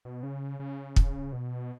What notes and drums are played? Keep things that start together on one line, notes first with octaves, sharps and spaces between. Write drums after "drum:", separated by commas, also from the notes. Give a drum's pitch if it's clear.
B2
C#3
C#3
drum: kick
B2